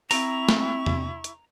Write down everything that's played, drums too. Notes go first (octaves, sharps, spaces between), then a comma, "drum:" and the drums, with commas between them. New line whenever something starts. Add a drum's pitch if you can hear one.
C4 E4 A#5 C#6, drum: open hi-hat
drum: snare A3
drum: tom E2
drum: hi-hat